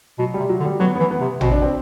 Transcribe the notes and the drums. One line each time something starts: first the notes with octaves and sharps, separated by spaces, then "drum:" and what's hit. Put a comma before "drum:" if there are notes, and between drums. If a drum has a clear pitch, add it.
B2 F#3
C3 G3
F#3
D3
G3
F#3 B3
E3 B3
B3
C3
B2 C4, drum: tom A1
D4
C4